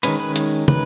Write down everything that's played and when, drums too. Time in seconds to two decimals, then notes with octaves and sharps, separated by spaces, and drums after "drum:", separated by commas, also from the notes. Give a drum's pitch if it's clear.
0.03 D#3 G#3 C#4 B4, drum: hi-hat
0.20 B4
0.36 drum: hi-hat
0.68 B4, drum: tom